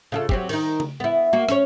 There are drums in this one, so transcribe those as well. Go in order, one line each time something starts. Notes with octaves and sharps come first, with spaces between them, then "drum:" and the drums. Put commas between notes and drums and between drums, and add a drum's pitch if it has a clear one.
C#3 F4 A4
F#3 C4 G4, drum: kick
D#3 D#4, drum: cymbal
drum: tom C#3
B3 E4
A#3 F#4
C#4 C#5, drum: rim click